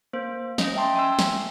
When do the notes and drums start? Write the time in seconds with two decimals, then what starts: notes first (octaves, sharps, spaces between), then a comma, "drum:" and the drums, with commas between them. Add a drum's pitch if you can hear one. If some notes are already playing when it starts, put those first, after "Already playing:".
0.13 A#3 C5
0.58 C#4 D#5, drum: snare
0.75 E5 G5 A5 C6
0.96 G#5 C6 E6
1.19 drum: snare